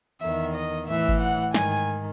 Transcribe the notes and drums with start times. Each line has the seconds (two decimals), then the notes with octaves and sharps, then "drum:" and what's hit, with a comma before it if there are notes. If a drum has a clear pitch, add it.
0.21 E2 D#3 E5
0.55 D#5
0.88 A2 E3 E5
1.09 drum: kick G1
1.21 F#5
1.54 G#2 D#3 G#5, drum: snare